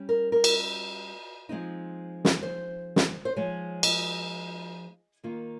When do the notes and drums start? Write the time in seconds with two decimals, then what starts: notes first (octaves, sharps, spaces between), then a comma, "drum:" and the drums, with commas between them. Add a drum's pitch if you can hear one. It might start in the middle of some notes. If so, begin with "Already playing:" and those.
Already playing: G3 C#4
0.09 A#4
0.32 A#4
0.44 drum: cymbal
1.49 F3 G#3 C4 D#4
2.25 drum: snare
2.43 C5
2.96 drum: snare
3.25 C5
3.36 F3 G#3 D#4 C#5
3.83 D#5, drum: cymbal
5.24 D#3 A#3 F4